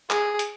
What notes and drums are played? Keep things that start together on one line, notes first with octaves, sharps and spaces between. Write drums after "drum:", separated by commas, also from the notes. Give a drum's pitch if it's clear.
G#4, drum: clap
drum: hi-hat